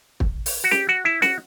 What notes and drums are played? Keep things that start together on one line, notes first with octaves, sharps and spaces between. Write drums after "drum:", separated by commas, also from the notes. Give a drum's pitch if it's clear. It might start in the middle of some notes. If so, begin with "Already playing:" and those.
drum: kick
drum: open hi-hat
F#4
G4, drum: snare
F#4
E4
F#4, drum: snare